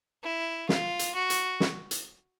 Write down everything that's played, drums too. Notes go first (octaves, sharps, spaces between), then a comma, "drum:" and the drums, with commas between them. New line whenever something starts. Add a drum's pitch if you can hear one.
E4
F4, drum: snare
drum: hi-hat
F#4
drum: hi-hat
drum: snare
drum: hi-hat